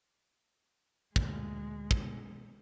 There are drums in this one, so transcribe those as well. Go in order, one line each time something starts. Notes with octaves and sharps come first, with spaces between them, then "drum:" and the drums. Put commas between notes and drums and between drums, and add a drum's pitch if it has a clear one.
D2 A#2 G#3, drum: kick
drum: kick